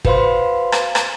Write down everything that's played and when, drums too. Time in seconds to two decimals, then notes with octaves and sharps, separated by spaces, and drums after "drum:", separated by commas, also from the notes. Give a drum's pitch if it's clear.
0.05 F#4 B4 C5 F5 B5 C6, drum: kick
0.72 drum: rim click
0.95 drum: rim click